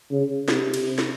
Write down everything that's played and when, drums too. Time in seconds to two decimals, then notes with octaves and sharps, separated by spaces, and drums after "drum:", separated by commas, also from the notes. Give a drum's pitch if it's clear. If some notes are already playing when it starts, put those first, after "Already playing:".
0.11 C#3
0.48 C3, drum: snare
0.74 drum: cymbal
0.98 drum: snare